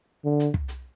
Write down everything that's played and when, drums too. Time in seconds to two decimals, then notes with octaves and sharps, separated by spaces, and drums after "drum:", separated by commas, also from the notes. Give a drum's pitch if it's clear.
0.25 D3
0.40 drum: hi-hat
0.54 drum: kick
0.68 drum: hi-hat